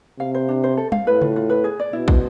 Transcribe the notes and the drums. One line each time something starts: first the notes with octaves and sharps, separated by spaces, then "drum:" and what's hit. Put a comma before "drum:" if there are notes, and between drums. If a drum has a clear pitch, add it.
C3 F5
C5
D4
C5
A4
F5, drum: tom G3
A2 B4
F4, drum: tom C#3
F4
B4
G#4
D5
B2 E4
C5, drum: kick